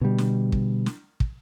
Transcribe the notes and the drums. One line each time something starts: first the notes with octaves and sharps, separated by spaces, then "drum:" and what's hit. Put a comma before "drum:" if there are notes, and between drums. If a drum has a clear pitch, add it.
B2 D3 G3
drum: snare
drum: kick
drum: snare
drum: kick